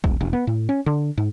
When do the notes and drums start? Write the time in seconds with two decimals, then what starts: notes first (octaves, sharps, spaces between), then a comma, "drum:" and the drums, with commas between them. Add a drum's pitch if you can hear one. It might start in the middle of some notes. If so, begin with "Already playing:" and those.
0.04 D#1, drum: kick
0.21 E1
0.33 B3
0.47 A2
0.69 C#4
0.86 D3
1.18 G#2